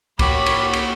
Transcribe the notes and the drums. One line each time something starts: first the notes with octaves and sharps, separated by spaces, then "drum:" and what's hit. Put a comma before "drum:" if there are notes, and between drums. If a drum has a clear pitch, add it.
A#3 F#4 C#5 G5 B5 D6, drum: kick C2, cymbal
drum: cymbal
drum: cymbal